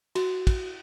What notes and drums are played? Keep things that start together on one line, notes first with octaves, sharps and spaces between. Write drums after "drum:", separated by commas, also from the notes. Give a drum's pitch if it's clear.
F#4, drum: cymbal
drum: kick, cymbal